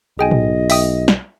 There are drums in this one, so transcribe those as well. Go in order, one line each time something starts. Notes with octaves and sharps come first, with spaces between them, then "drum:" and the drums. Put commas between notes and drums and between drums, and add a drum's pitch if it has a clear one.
B1 G#4 D#5 G5 G#5
drum: tom
E5 G5 D#6, drum: open hi-hat
drum: snare